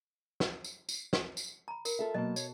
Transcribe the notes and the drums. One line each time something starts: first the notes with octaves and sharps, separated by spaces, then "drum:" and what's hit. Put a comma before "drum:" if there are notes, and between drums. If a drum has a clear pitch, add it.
drum: snare
drum: tambourine
drum: tambourine
drum: snare
drum: tambourine
A#5 B5
A#4, drum: tambourine
F4 A4 E5
B2 F#3 A#3 D#5 A5
C#5, drum: tambourine